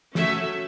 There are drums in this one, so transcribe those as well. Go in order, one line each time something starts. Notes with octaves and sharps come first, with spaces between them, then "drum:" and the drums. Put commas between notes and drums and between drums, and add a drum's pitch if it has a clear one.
F#3 A3 C#4 E5, drum: snare